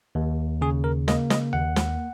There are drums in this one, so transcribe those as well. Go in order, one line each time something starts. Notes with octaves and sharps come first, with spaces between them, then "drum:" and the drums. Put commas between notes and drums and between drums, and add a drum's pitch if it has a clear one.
D#2
C#3 G#4
A#4
A#3 D#5, drum: snare
D#5, drum: snare
D#2 F#5
drum: snare